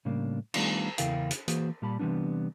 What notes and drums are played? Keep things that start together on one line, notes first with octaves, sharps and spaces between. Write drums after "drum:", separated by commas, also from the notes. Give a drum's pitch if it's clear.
A2 C#3 G3 A#3 D4
D#3 G3 A3 B3 D4 F4, drum: cymbal
E2 C#3 E4 A#4 F5 G5, drum: hi-hat
drum: hi-hat
E3 A#3 F#4 G#4 C5, drum: hi-hat
A#2 G3 A5 B5
C3 E3 G3 B3 D4